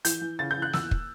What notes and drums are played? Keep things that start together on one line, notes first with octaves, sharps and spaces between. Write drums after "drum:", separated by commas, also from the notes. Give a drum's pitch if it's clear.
E3 G6, drum: hi-hat
E3
C#3 A6
G6
E3
F#6
E2 E6, drum: snare
drum: kick